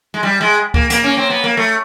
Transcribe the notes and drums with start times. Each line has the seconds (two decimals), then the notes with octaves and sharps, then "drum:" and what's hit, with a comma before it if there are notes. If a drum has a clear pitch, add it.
0.14 G#3
0.23 G3
0.41 G#3
0.74 A#3, drum: kick C#2
0.90 A#3, drum: hi-hat
1.04 C#4
1.17 C4
1.30 B3
1.44 A#3
1.57 A3